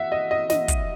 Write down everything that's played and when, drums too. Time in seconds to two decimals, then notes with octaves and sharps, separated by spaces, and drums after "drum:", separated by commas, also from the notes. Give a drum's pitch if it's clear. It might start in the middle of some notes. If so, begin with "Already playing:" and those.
Already playing: E5 F#5
0.12 D#5
0.31 D#5
0.50 D#5, drum: snare
0.68 drum: kick, hi-hat